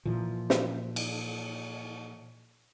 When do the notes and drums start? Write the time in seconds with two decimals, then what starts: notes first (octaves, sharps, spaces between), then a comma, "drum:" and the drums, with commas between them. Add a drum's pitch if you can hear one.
0.05 A#2 E3 F3
0.50 drum: snare
0.96 drum: cymbal